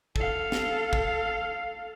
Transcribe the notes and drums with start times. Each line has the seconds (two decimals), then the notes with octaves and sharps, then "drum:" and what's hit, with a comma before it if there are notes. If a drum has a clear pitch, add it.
0.16 A4 F5, drum: kick
0.52 drum: snare
0.93 drum: kick